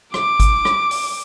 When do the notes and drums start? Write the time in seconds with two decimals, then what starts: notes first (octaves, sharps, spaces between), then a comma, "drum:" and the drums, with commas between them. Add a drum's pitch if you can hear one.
0.14 D6, drum: rim click
0.40 drum: kick G#1, hi-hat
0.65 drum: rim click
0.91 drum: open hi-hat